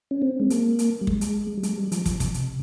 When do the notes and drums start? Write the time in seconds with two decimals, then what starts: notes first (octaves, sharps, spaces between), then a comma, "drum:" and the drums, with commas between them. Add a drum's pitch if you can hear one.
0.11 C#4
0.22 C4
0.40 G#3
0.50 A#3, drum: hi-hat
0.79 drum: hi-hat
1.01 G3
1.07 G#3, drum: kick
1.21 drum: hi-hat
1.57 G3
1.63 G#3, drum: hi-hat
1.78 G3
1.92 F3, drum: hi-hat
2.06 F3, drum: kick, hi-hat
2.20 C3, drum: kick, hi-hat
2.34 drum: hi-hat